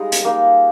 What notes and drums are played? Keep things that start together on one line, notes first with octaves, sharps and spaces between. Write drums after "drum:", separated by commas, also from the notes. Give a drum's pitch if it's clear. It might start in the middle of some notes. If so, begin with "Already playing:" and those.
Already playing: G3 G#3 D#4 F4 G#4 D#5
drum: hi-hat
A#3 D#4